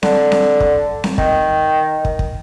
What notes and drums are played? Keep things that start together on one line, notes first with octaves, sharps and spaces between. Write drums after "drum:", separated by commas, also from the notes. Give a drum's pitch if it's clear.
D3, drum: snare C4
drum: snare C4
drum: kick
drum: snare C4
D#3, drum: kick
drum: kick
drum: kick